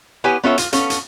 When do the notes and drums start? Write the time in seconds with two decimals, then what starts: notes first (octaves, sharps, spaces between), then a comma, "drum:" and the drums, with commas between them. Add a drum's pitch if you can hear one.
0.24 B3 E4 G4 B4 C#5 G#5
0.44 B3 C#4 F4 A4 C#5 E5
0.58 F4, drum: hi-hat
0.73 B3 C#4 A4 F5, drum: hi-hat
0.90 drum: hi-hat